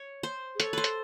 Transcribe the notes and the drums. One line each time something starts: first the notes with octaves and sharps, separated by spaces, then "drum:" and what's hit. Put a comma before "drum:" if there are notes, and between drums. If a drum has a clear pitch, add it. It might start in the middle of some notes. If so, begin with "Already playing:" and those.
Already playing: C#5
C5
G#4
A4 C#5, drum: hi-hat
B4 C5
drum: hi-hat